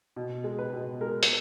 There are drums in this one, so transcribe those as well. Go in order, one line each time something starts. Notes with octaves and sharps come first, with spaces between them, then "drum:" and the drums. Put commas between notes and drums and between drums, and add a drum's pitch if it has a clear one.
B2
G#3
B4
B2
G#3 A#4
drum: hi-hat